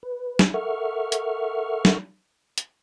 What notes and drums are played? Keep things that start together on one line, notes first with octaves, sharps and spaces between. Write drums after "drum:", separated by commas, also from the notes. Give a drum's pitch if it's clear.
B4
drum: snare
A4 A#4 E5 F#5 C#6 F6
drum: hi-hat
drum: snare
drum: hi-hat